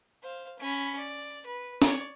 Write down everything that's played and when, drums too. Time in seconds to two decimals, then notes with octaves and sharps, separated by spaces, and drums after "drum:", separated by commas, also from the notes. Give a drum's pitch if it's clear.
0.22 C5 F5
0.59 C#4 B5
0.98 D5
1.46 B4
1.82 C#5 D5, drum: snare